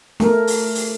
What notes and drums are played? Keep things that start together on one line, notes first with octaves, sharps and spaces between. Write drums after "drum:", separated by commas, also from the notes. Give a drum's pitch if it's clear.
A3 A#4, drum: snare
drum: open hi-hat
drum: open hi-hat